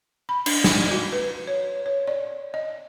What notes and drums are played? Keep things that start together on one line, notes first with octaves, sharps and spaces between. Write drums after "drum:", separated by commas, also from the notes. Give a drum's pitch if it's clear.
B5
D4, drum: cymbal
G4, drum: snare
F#4
B4
C#5
C#5
D5
D#5